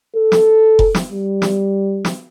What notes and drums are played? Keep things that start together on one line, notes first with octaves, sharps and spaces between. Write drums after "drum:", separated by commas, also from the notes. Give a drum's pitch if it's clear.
A4
drum: snare
drum: kick F1
drum: snare
G3
drum: snare
drum: snare